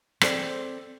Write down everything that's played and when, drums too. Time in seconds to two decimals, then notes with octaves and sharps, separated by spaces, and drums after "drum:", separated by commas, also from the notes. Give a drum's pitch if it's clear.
0.21 C4 A4 C5 D5, drum: rim click